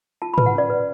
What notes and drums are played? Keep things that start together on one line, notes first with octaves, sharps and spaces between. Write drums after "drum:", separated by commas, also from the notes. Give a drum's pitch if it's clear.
F4 A5
B5
B4, drum: tom G#2
F#5
C#4 D5
B4